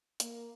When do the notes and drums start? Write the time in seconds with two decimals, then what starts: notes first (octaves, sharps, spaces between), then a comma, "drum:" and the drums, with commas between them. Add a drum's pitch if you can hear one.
0.20 A#3, drum: hi-hat